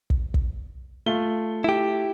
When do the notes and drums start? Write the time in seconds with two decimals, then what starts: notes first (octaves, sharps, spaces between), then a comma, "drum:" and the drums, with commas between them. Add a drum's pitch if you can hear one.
0.10 drum: kick
0.34 drum: kick
1.06 A3 F4 G7
1.64 E4 G4